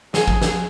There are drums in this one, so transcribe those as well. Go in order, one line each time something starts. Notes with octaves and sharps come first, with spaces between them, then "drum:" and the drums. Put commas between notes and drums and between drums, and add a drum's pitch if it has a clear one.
G#4, drum: snare
drum: kick G#1
drum: snare